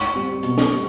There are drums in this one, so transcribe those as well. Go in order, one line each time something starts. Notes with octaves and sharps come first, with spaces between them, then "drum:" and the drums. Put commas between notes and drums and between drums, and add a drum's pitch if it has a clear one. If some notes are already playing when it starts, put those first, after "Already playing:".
Already playing: C#6
G3 C4
B2, drum: hi-hat
drum: snare
G3 C4, drum: hi-hat